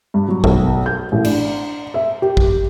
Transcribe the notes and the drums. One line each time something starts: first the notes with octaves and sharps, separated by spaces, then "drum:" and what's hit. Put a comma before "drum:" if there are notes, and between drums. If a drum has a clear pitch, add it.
G2
F#3
B1, drum: kick
G6
A1
D4, drum: cymbal
E5
G4
drum: kick